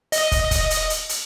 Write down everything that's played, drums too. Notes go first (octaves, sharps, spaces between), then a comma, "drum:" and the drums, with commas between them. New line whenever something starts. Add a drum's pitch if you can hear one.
D#5, drum: hi-hat
drum: kick, hi-hat
drum: kick, hi-hat
drum: hi-hat
drum: hi-hat
drum: hi-hat